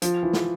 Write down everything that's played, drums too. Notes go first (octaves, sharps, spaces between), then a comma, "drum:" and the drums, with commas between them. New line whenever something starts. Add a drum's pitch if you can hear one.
F3, drum: hi-hat
E3
drum: snare